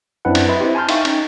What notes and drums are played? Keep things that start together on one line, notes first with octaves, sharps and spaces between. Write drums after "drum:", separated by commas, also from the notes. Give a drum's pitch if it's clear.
F#2 C4 D4 E4 B4 F#5
drum: cymbal
B4 D#5 E5 B5 C6
C4 E4 G4
G#5 A5 C6 F6 G6
D#4 E5 F5 G5 C#6, drum: cymbal
C#4 D#4, drum: cymbal